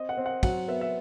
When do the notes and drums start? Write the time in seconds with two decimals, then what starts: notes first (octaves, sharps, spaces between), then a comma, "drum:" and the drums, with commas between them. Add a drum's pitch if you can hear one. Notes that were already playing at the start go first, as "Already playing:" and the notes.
Already playing: C4 D#5
0.09 F#5
0.18 C4
0.26 F#5
0.43 F#3 F#5, drum: kick, cymbal
0.68 B3 E5
0.81 E5